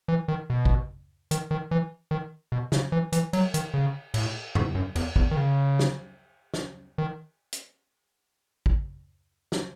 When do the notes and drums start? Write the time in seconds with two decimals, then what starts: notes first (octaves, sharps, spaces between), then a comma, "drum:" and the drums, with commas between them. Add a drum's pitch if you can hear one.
0.08 E3
0.28 D#3
0.50 B2
0.65 drum: kick
1.31 D#3, drum: hi-hat
1.51 D#3
1.71 E3
2.11 D#3
2.52 B2
2.72 C#3, drum: snare
2.92 E3
3.12 E3, drum: hi-hat
3.33 F#3, drum: cymbal
3.54 D#3, drum: hi-hat
3.74 C#3
4.14 A2, drum: cymbal
4.55 G#2, drum: tom E2
4.75 F#2
4.95 E2, drum: cymbal
5.16 E2, drum: kick
5.31 D#3
5.37 C#3
5.79 drum: snare
6.54 drum: snare
6.98 D#3
7.52 drum: hi-hat
8.66 drum: kick
9.52 drum: snare